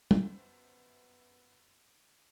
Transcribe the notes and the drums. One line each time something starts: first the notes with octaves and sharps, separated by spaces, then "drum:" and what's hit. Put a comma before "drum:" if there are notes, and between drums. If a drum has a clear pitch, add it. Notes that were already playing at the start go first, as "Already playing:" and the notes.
G1 F#2 B3 C5, drum: tom